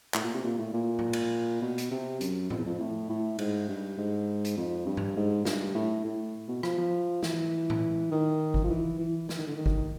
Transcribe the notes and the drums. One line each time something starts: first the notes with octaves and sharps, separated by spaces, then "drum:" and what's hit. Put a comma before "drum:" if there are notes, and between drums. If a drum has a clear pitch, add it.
A2, drum: clap
A#2
C3
A#2
A2
A#2
drum: tom A2
drum: cymbal
B2
drum: hi-hat
C3
F#2, drum: hi-hat
F2, drum: tom A2
E2
F2
A2
A2
G#2, drum: cymbal
G2
G#2
drum: hi-hat
F2
G2
drum: tom G2
G#2
G2, drum: snare
A2
A2
B2
F3, drum: rim click
F3
E3, drum: snare
drum: tom A2
D#3
drum: kick
F3
E3
E3
E3, drum: snare
D#3
D3
D#3
drum: kick